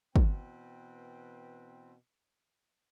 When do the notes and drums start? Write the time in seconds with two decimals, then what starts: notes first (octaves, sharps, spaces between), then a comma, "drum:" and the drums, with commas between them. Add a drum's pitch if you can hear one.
0.16 B2 E3 C4 B4 G5, drum: kick